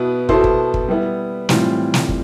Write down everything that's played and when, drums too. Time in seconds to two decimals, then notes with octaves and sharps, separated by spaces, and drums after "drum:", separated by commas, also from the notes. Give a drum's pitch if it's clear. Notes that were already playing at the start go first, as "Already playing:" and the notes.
Already playing: B2 B3 E4 B4
0.29 B2 B3 E4 A4 C5, drum: kick
0.44 drum: kick
0.74 drum: kick
0.89 G3 B3 E4
1.49 A2 E3 G3 C4 F4, drum: snare
1.94 drum: snare
2.09 drum: kick